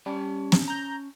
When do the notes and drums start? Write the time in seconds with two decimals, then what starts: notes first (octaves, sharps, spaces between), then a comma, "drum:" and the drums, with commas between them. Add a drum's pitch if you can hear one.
0.06 G3 C#4 A5
0.52 drum: snare
0.68 A#5 G6